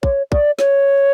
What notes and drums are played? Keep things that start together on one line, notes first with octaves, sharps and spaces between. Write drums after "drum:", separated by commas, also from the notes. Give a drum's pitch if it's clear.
C#5, drum: kick
D5, drum: kick
C#5, drum: snare